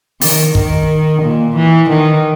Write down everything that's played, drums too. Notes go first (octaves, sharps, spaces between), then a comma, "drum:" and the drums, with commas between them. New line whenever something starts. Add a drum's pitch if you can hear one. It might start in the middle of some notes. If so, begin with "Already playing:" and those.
D#3, drum: open hi-hat
D#3, drum: kick
A#2
E3
D#3